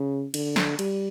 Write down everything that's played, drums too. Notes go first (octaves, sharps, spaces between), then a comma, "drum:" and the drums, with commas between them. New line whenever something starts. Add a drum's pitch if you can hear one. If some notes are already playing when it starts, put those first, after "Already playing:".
Already playing: C#3
D3, drum: cymbal
drum: snare
G3, drum: cymbal